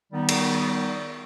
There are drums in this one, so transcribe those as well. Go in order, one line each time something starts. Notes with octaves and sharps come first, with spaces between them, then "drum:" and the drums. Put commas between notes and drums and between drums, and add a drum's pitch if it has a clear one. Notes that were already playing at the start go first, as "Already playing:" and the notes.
D#3 G3 B3 D#4
drum: cymbal